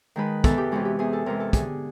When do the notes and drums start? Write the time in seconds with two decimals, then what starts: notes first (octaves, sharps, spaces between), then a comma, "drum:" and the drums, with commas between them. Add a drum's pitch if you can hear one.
0.16 D#3 G#3 B4
0.44 E2 A4, drum: kick, hi-hat
0.58 G4
0.72 C3 E3 G#3 F#4
0.85 G4
0.99 E2 G#4
1.13 A4
1.26 C3 E3 G#3 A#4
1.40 A4
1.53 D3 G#4, drum: kick, hi-hat